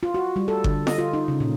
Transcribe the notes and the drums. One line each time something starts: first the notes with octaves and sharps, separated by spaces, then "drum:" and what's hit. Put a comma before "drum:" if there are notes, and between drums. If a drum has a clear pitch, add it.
F4
F#4
G3
A4
D3, drum: kick G1
D#5, drum: snare
F4
D#4
C#3
A#2